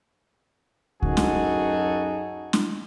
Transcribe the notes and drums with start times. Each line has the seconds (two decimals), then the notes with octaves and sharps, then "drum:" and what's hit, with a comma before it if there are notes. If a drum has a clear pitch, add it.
1.03 F#2 D#4 F#4 G#4 A4, drum: kick C#2
1.17 drum: snare
2.53 drum: snare